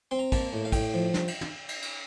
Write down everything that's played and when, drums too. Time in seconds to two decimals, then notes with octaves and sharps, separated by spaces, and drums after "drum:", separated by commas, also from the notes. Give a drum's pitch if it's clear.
0.11 C4 C6
0.19 A#5
0.32 A#3 A5, drum: kick, cymbal
0.53 A2
0.65 F5
0.72 A2 G5, drum: kick, cymbal
0.94 F3
1.14 drum: snare
1.28 drum: cymbal
1.41 drum: tom
1.69 drum: cymbal
1.82 drum: cymbal